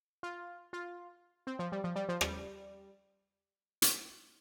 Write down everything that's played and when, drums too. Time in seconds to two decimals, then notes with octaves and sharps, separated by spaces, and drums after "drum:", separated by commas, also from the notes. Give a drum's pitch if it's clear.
0.23 F4
0.73 F4
1.47 C4
1.59 F3
1.72 G3
1.84 F3
1.96 G3
2.09 F3
2.21 G3, drum: rim click
3.82 drum: hi-hat